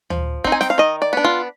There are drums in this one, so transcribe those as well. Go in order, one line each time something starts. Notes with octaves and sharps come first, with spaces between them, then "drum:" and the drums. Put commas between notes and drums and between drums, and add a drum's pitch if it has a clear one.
F3, drum: tom D2
C4 D#4, drum: kick
G#5
G5, drum: snare
F5
D#3 D#5
D5
B3 D4
F4